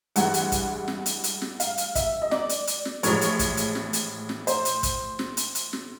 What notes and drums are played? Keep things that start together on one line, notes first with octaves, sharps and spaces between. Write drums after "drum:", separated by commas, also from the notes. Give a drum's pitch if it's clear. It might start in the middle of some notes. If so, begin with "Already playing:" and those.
A1 G2 E3 G#3 F#5, drum: hi-hat
drum: hi-hat
drum: kick, hi-hat
drum: snare
drum: hi-hat
drum: hi-hat
drum: snare
F5, drum: hi-hat
drum: hi-hat
E5, drum: kick, hi-hat
D#5
D5, drum: snare
drum: hi-hat
drum: hi-hat
drum: snare
A1 A2 F3 G#3 C#5, drum: hi-hat
drum: hi-hat
drum: kick, hi-hat
drum: hi-hat
drum: snare
drum: hi-hat
drum: snare
C5, drum: hi-hat
drum: hi-hat
drum: kick, hi-hat
drum: snare
drum: hi-hat
drum: hi-hat
drum: snare